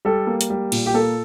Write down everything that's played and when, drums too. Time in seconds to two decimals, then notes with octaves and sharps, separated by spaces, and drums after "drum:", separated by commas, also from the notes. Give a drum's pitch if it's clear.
0.05 G3 A4
0.27 A#3
0.41 drum: hi-hat
0.50 G3
0.72 A#2, drum: cymbal
0.86 G4
0.94 A#3 A4